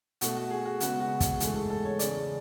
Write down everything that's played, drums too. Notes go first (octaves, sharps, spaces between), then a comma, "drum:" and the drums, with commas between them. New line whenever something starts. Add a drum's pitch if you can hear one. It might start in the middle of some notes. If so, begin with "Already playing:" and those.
B2 A3 F#4, drum: hi-hat
F#4
G#4
F#4
C#3 G#3 B3 F#4, drum: hi-hat
F#4
G#4, drum: kick, hi-hat
G#2 E3 A3 G#4, drum: hi-hat
A4
A4
C#5
E2 C#3 G#3 D5, drum: hi-hat